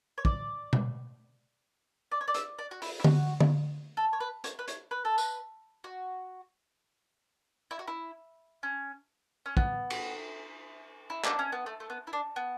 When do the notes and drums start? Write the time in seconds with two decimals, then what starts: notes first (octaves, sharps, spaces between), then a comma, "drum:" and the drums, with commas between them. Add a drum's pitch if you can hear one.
0.18 C#5
0.25 D5, drum: kick
0.73 drum: tom B2
2.11 D5
2.21 C#5
2.28 D5
2.34 E5, drum: hi-hat
2.59 D5
2.71 F#4
2.82 E4, drum: open hi-hat
3.00 E4
3.04 F#4, drum: tom D3
3.40 drum: tom D3
3.97 A4
4.13 C#5
4.20 B4
4.44 C#5, drum: hi-hat
4.59 B4
4.68 C#5, drum: hi-hat
4.91 B4
5.05 A4
5.18 B4, drum: tambourine
5.84 F#4
7.71 E4
7.79 F#4
7.88 E4
8.63 C#4
9.46 C#4
9.57 B3, drum: kick
9.90 drum: cymbal
11.10 E4
11.24 D4, drum: clap
11.39 C#4
11.52 B3
11.66 A3
11.80 A3
11.90 B3
12.07 E4
12.13 D4
12.36 B3